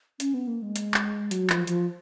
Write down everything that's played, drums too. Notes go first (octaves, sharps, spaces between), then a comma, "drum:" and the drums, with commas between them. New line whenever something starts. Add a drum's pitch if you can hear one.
C#4, drum: hi-hat
B3
A#3
G#3
drum: hi-hat
drum: clap
F#3, drum: hi-hat
F3, drum: clap
F3, drum: hi-hat